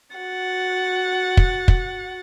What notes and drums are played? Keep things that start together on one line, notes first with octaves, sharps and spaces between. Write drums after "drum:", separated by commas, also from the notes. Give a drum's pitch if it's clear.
F#4 F#5 A6
drum: kick
drum: kick